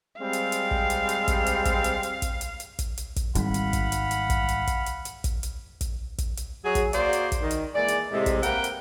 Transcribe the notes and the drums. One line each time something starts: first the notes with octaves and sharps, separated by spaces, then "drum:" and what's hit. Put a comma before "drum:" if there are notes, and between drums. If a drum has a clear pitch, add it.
G3 G#3 C4 F5
drum: hi-hat
drum: hi-hat
drum: kick
drum: hi-hat
drum: hi-hat
drum: kick, hi-hat
drum: hi-hat
drum: kick, hi-hat
drum: hi-hat
drum: hi-hat
drum: kick, hi-hat
drum: hi-hat
drum: hi-hat
drum: kick, hi-hat
drum: hi-hat
drum: kick, hi-hat
G#1 G3 F5 F#5 B5, drum: hi-hat
drum: hi-hat
drum: kick, hi-hat
drum: hi-hat
drum: hi-hat
drum: kick, hi-hat
drum: hi-hat
drum: kick, hi-hat
drum: hi-hat
drum: hi-hat
drum: kick, hi-hat
drum: hi-hat
drum: kick, hi-hat
drum: kick, hi-hat
drum: hi-hat
F#3 G#4
drum: kick, hi-hat
A#3 F#4 G#4 C5 D5, drum: hi-hat
drum: hi-hat
drum: kick, hi-hat
D#3
drum: hi-hat
E3 G#3 A#3 D5
drum: hi-hat
A2 C3 G#3
drum: kick, hi-hat
A#3 C4 A#4 B4 F#5 G5, drum: hi-hat
drum: hi-hat